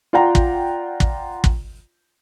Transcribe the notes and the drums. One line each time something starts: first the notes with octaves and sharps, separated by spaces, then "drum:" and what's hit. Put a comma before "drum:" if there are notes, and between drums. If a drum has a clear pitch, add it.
F4 D5 F#5 G5 A#5
drum: kick
drum: kick
drum: kick